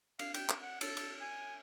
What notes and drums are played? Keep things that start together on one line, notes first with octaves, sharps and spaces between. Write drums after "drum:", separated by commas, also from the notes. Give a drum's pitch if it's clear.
F5, drum: cymbal
G5, drum: cymbal
drum: clap
F#5
A4, drum: cymbal
drum: cymbal
G#5